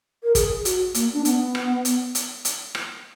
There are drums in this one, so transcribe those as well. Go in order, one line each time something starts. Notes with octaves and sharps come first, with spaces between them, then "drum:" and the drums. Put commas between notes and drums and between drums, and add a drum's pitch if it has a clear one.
A#4
G#4, drum: kick, hi-hat
F#4, drum: hi-hat
A#3, drum: hi-hat
D4
B3, drum: hi-hat
drum: rim click
drum: hi-hat
drum: hi-hat
drum: hi-hat
drum: rim click